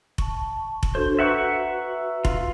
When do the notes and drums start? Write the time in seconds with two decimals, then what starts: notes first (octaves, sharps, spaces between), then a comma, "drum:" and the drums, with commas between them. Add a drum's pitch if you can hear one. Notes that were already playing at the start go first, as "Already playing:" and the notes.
0.18 A5 C#6, drum: kick F1
0.83 drum: kick F1
0.95 D4 F#4 A4 C5
1.19 F#4 B4 E5 F#5 A#5 C#6
2.25 F4, drum: kick F1